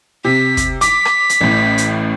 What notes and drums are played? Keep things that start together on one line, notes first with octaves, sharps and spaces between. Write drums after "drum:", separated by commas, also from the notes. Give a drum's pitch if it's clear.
C3 B6
drum: kick, hi-hat
D6 B6, drum: hi-hat
drum: rim click
drum: hi-hat
A1 A2
drum: hi-hat